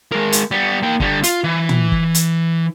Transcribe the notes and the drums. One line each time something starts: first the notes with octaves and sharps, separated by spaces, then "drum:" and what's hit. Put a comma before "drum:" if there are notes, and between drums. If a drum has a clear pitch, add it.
G#3 A#4
drum: hi-hat
G3 B3
A#3 G5
D3 G3, drum: kick
F4, drum: hi-hat
E3
drum: tom
drum: kick
drum: hi-hat